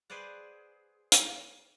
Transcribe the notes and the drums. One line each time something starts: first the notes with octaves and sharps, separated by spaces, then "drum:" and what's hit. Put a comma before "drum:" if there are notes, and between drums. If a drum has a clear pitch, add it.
G#4 B4 C5 D5 F#5
drum: hi-hat